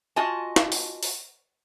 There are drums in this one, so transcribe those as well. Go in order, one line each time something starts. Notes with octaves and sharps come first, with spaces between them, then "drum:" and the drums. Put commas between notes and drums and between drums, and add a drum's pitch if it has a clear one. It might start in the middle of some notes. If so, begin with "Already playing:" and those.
F4 F#4 D#5 G#5 A5
drum: snare
drum: open hi-hat
drum: open hi-hat